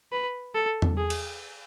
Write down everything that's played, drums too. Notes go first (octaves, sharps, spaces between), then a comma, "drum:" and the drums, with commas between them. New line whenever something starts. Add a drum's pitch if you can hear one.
B4
A4
drum: tom E2
G#4
drum: cymbal